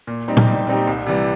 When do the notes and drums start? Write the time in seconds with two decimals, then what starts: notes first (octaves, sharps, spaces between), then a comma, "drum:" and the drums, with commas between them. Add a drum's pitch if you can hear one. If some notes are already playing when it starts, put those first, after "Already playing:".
0.07 A#2
0.28 G3 C4 D#4 G4
0.37 drum: tom
0.47 A#2
0.67 G3 C4 D#4 G4
0.87 C2
1.07 C3 E3 G3